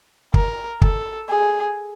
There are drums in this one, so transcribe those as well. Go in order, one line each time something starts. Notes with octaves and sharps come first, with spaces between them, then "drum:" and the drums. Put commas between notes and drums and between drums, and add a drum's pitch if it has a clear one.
A#4, drum: kick
A4, drum: kick
G#4